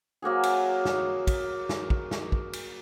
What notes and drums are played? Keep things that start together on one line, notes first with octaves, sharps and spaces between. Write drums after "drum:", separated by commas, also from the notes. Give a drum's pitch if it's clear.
F#3 A#3 F#4 G#4
drum: cymbal
drum: snare
drum: kick, cymbal
drum: snare
drum: kick
drum: snare
drum: kick
drum: cymbal